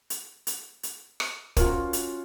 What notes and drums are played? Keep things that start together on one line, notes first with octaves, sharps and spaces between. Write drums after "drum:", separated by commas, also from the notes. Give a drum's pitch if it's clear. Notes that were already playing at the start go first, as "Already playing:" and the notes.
drum: hi-hat
drum: hi-hat
drum: hi-hat
drum: rim click
C#4 F4 F#4 A#4, drum: kick, hi-hat
drum: hi-hat